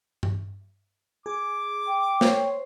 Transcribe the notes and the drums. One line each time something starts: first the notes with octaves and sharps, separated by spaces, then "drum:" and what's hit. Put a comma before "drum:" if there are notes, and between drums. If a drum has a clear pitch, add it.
drum: tom G2
G#4 D6
G5
C5 C#5, drum: snare